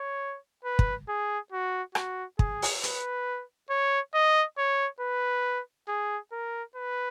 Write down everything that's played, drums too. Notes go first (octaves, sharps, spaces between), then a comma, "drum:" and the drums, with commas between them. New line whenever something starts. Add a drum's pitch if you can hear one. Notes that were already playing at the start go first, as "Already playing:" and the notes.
Already playing: C#5
B4
drum: kick
G#4
F#4
F#4, drum: rim click
G#4, drum: kick
drum: open hi-hat
B4, drum: hi-hat
C#5
D#5
C#5
B4
G#4
A#4
B4